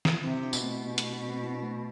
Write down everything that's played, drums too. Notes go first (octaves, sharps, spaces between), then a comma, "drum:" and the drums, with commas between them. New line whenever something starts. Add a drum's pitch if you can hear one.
drum: snare
C3 C4 E4
G4
D4 F4
B2, drum: tambourine
A3 C4
B3
A3, drum: hi-hat
B3
A3 C4
C4 E4
D4
A3 C4